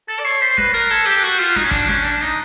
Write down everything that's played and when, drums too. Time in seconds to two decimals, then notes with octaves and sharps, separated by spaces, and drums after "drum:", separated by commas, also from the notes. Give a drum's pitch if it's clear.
0.08 A4 A6
0.19 D5
0.25 C#5 C7
0.41 C5 B6
0.58 B4 A#6, drum: snare
0.68 A#6
0.74 A#4 A6, drum: hi-hat
0.90 A4 G#6, drum: hi-hat
1.07 G4 G6, drum: hi-hat
1.20 F#4 F#6
1.32 G6
1.39 F4
1.56 D#4, drum: snare
1.64 C#4
1.71 D4, drum: kick, hi-hat
1.89 C#4, drum: snare
2.05 D4, drum: hi-hat
2.21 D#4, drum: hi-hat